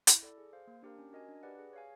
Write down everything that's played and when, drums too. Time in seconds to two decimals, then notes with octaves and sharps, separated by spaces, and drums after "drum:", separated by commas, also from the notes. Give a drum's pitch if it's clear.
0.07 E4, drum: hi-hat
0.23 A4 D5
0.38 G#4
0.53 C5 F5
0.67 A#3
0.82 D4 G4 A#4
0.98 C#4
1.13 F#4 A#4 D#5 G#5
1.29 D4
1.43 G4 B4 D5 F#5
1.59 G#4
1.73 C#5 F5 G#5